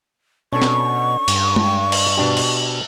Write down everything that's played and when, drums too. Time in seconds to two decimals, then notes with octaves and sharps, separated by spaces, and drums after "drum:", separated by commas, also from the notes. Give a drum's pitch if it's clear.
0.53 B2 C#4 D4 A4 C#6
0.62 drum: snare C4
1.28 G2, drum: cymbal
1.56 drum: tom G#3
1.92 drum: cymbal
2.17 B2 D4 G4
2.37 drum: cymbal